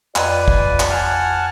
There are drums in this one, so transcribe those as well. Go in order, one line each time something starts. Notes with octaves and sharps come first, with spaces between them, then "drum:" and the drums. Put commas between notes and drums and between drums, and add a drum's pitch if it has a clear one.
F2 F4 B4 D5 D#5 G5 G#5, drum: clap
drum: kick
drum: clap
F#5 G#5 A5 F6